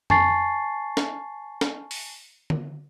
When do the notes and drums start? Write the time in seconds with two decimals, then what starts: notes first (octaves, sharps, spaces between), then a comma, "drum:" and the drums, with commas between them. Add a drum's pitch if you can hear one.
0.10 G#5 A5 C#6 A6 C7, drum: tom F2
0.97 drum: snare
1.61 drum: snare
1.91 drum: open hi-hat
2.50 drum: tom